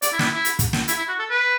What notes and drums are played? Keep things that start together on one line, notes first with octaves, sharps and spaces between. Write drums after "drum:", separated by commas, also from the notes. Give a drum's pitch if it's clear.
D5, drum: hi-hat
E4
D4, drum: snare
E4
E4
drum: hi-hat
drum: kick, hi-hat
drum: snare
E4, drum: hi-hat
E4
F#4
A4
B4